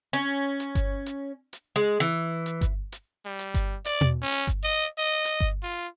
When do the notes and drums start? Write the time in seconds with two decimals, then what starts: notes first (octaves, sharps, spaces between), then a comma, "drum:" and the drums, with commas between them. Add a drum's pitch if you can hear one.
0.13 C#4, drum: hi-hat
0.60 drum: hi-hat
0.75 drum: kick G1, hi-hat
1.06 drum: hi-hat
1.53 drum: hi-hat
1.76 G#3
2.00 E3, drum: hi-hat
2.46 drum: hi-hat
2.61 drum: kick G1, hi-hat
2.92 drum: hi-hat
3.26 G3
3.39 drum: hi-hat
3.54 drum: kick G1, hi-hat
3.85 D5, drum: hi-hat
4.01 drum: tom B2
4.22 C#4
4.32 drum: hi-hat
4.47 drum: kick G1, hi-hat
4.64 D#5
4.98 D#5
5.25 drum: hi-hat
5.40 drum: kick G1
5.63 F4